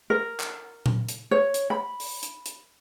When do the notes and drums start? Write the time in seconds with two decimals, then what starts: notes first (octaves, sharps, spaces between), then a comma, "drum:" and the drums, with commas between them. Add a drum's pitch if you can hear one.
0.10 A#4
0.40 drum: clap
0.86 drum: tom A#2
1.09 drum: hi-hat
1.31 C#5
1.54 drum: hi-hat
1.70 B5
2.00 drum: open hi-hat
2.23 drum: hi-hat
2.46 drum: hi-hat